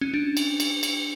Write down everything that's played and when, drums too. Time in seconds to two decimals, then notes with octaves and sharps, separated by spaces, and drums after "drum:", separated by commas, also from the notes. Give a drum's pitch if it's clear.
0.01 C#4
0.14 D4
0.37 drum: cymbal
0.60 drum: cymbal
0.83 drum: cymbal